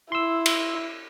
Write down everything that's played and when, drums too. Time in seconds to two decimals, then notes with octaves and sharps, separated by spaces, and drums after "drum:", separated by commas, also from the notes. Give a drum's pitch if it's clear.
0.12 E4 C6 E6
0.46 drum: cymbal